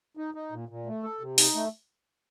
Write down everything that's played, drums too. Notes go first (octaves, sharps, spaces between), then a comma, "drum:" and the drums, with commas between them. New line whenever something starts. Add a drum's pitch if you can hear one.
D#4
D#4
A#2
A#2
A3
A4
C3
D#4, drum: open hi-hat
A3